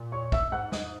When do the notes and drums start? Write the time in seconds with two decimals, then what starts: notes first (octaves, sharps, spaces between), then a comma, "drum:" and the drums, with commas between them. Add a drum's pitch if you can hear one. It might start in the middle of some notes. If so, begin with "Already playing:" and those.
Already playing: A#2
0.12 C#5 C#6
0.32 E5 E6, drum: kick
0.52 G#2 F#5 F#6
0.72 D#5 D#6, drum: snare